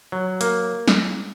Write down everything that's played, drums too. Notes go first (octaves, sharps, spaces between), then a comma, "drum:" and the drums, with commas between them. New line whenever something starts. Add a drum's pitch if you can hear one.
F#3
A#3, drum: hi-hat
drum: snare